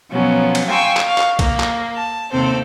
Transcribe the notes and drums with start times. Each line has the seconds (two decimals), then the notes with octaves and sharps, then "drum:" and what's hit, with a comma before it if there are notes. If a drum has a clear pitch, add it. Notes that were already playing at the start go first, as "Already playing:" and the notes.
0.11 B2 F3 F#3 B3 C#4
0.55 drum: cymbal
0.67 F5 G5 G#5 C6 C#6 E6
0.97 drum: clap
1.07 F5 C#6
1.18 drum: clap
1.39 A#3, drum: kick B1, cymbal
1.60 drum: clap
1.95 A5
2.31 D#2 C3 C4 A4 C5